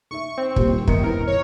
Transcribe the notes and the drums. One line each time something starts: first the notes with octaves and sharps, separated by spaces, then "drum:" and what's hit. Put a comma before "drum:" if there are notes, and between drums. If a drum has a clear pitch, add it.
D#4 E5 C#6
C4
D#1 A#2 G4, drum: kick
G1 D#3 C#7, drum: kick
E2 A#4
C#5